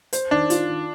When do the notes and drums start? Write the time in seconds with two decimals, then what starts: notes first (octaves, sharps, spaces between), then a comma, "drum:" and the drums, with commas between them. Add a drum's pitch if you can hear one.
0.13 C5, drum: hi-hat
0.31 D#3 D4
0.50 F4, drum: hi-hat
0.69 D#3